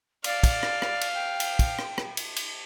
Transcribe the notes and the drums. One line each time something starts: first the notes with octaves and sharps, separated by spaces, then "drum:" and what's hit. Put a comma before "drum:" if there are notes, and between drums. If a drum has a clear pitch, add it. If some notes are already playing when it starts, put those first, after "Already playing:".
D5 F5, drum: cymbal
drum: kick, cymbal
drum: rim click
drum: rim click
drum: cymbal
G5
drum: cymbal
drum: kick, cymbal
drum: rim click
drum: rim click
drum: cymbal
drum: cymbal